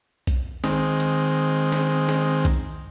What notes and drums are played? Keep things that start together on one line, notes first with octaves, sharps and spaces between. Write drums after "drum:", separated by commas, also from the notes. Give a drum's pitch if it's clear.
drum: kick B1, hi-hat
D#3 G#3 C4, drum: snare
drum: hi-hat
drum: snare
drum: snare
drum: kick B1, hi-hat